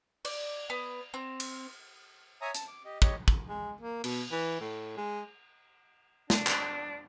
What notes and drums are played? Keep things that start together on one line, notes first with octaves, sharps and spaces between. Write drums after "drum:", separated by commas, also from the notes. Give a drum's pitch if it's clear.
D5, drum: cymbal
B3
C4
drum: cymbal
C#5 E5 G#5 A#5 D#6
A5, drum: hi-hat
D6
G4 D#5
G4 C#5 D#5, drum: kick
drum: kick
G#3
A#3
B2, drum: cymbal
E3
A2
G#3
D4, drum: snare
drum: clap